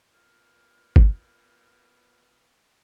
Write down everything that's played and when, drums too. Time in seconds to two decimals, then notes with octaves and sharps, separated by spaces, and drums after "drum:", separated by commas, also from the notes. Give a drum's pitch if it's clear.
0.13 A#2 B3 F6
0.96 drum: kick G1